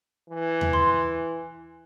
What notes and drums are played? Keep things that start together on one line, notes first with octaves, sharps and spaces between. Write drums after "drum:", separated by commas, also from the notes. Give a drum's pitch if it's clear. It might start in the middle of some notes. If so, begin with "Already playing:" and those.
E3
drum: tom D#2
C6